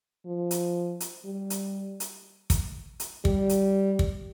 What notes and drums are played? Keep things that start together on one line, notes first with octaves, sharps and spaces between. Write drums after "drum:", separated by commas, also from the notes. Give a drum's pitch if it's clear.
F3
drum: hi-hat
drum: hi-hat
G3
drum: hi-hat
drum: hi-hat
drum: kick, hi-hat
drum: hi-hat
G3, drum: kick
drum: hi-hat
drum: kick